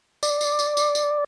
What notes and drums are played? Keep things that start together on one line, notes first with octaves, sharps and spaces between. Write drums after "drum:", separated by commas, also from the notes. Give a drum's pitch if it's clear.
D5, drum: tambourine
drum: tambourine
drum: tambourine
drum: tambourine
drum: tambourine